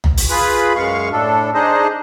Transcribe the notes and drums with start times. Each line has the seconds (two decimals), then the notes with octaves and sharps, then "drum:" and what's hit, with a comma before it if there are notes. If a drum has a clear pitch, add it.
0.04 drum: tom
0.18 drum: open hi-hat
0.30 F4 G#4 B4 B5
0.76 F#2 G#3 F5 C#6
1.12 A2 D4 A4
1.54 D4 D#4 G#4 C5 D#5